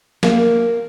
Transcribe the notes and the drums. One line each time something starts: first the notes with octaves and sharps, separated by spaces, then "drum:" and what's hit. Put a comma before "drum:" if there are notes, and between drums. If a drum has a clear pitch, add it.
A#3, drum: snare